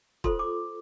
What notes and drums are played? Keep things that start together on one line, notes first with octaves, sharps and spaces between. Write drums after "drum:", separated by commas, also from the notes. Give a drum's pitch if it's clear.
F4 A4 C5 C6, drum: kick
D6